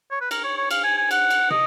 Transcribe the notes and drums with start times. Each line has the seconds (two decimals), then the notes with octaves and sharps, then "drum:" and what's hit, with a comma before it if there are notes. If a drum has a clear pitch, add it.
0.11 C#5
0.21 B4
0.31 A#4, drum: cymbal
0.44 C#5
0.57 C#5
0.71 F5, drum: cymbal
0.84 G#5
0.97 G#5
1.11 F#5, drum: cymbal
1.30 drum: cymbal
1.50 D#5, drum: tom